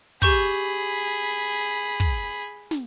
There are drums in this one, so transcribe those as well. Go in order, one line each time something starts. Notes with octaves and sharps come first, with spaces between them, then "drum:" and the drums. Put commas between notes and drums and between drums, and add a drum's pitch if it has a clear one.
G4 G#4 B5 C#6 G6, drum: kick
drum: kick
drum: snare